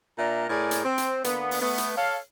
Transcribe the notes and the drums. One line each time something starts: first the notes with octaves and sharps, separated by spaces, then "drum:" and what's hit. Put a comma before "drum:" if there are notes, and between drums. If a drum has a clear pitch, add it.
A#2 D4 A#4 E5 A#5
A2 G#4 A#4 D5 G#5
drum: hi-hat
C4
drum: hi-hat
D3 A#3 B3, drum: hi-hat
drum: open hi-hat
A3 B3
drum: hi-hat
A4 C#5 F5